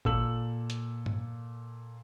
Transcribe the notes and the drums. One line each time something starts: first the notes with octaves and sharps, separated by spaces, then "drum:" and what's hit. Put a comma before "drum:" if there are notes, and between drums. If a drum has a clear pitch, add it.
A#2 A4 E6 F#7, drum: kick G#1
drum: hi-hat
drum: tom G2